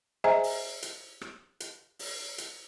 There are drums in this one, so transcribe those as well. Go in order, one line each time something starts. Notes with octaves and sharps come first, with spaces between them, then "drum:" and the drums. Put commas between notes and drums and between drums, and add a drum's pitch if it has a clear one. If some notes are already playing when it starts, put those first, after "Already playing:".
G#4 C5 D#5 E5 G#5 A#5
drum: open hi-hat
drum: hi-hat
drum: rim click
drum: hi-hat
drum: open hi-hat
drum: hi-hat